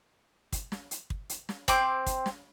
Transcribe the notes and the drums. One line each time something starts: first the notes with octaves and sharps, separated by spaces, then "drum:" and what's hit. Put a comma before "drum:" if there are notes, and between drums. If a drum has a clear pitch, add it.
drum: kick, hi-hat
drum: snare
drum: hi-hat
drum: kick
drum: hi-hat
drum: snare
C4 C6 D6, drum: kick, hi-hat
drum: kick, hi-hat
drum: snare